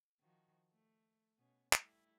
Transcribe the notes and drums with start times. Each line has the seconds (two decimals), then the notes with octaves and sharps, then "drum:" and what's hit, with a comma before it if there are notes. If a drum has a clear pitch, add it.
0.20 D#3 F3 F#4
0.72 A3
1.39 B2 B3 C#4
1.73 G3 A3 E4, drum: clap